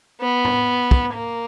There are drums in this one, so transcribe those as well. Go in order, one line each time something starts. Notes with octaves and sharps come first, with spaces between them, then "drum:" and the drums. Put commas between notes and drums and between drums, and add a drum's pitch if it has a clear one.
B3
drum: tom
drum: kick
A#3